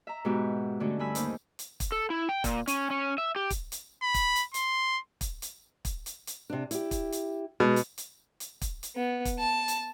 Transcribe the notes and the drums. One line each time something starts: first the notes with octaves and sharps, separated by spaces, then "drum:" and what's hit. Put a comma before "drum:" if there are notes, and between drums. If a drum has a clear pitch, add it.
E5 A#5
G#2 B2 G#3 B3 F#4 G4
D3 A3 C#4 F#4
G2 A3 G#5 B5 E6
D#2 D#4 C5, drum: hi-hat
drum: hi-hat
drum: kick, hi-hat
A4
E4
G5
A#2, drum: kick, hi-hat
C#4, drum: hi-hat
C#4
E5
G4
drum: kick, hi-hat
drum: hi-hat
B5
drum: kick, hi-hat
drum: hi-hat
C6, drum: hi-hat
drum: kick, hi-hat
drum: hi-hat
drum: kick, hi-hat
drum: hi-hat
drum: hi-hat
C3 D4
E4 G4, drum: hi-hat
drum: kick, hi-hat
drum: hi-hat
B2 G#3
drum: hi-hat
drum: hi-hat
drum: hi-hat
drum: kick, hi-hat
drum: hi-hat
B3
drum: kick, hi-hat
A5
drum: hi-hat